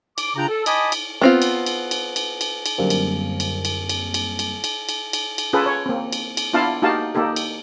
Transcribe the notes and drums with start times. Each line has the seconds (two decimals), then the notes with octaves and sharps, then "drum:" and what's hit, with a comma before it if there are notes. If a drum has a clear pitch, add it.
0.18 D6, drum: cymbal
0.36 C#3 D4 F4 G5 A#5
0.49 A4
0.66 D#5 G#5 A5 B5 D6 D#6, drum: cymbal
0.92 drum: cymbal
1.21 B3 C4 F4
1.42 drum: cymbal
1.66 drum: cymbal
1.91 drum: cymbal
2.16 drum: cymbal
2.41 drum: cymbal
2.66 drum: cymbal
2.78 F#2 D3 G3 A#3 C4
2.90 drum: cymbal
3.40 drum: cymbal
3.65 drum: cymbal
3.89 drum: cymbal
4.14 drum: cymbal
4.39 drum: cymbal
4.64 drum: cymbal
4.89 drum: cymbal
5.13 drum: cymbal
5.38 drum: cymbal
5.53 C#4 F4 G#4 A4 B4
5.66 C#5
5.86 A#3 C4
6.12 drum: cymbal
6.37 drum: cymbal
6.53 B3 D4 E4 F4 F5 A5
6.82 A#3 D#4 F#4 G4 F5 A5
7.15 A#3 D#4 G4 A4
7.36 drum: cymbal